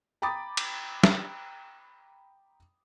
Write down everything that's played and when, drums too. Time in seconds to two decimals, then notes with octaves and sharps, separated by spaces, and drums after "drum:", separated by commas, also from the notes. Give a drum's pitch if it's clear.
0.22 G5 A#5 B5 D6 D#6 A6
0.57 drum: cymbal
1.03 drum: snare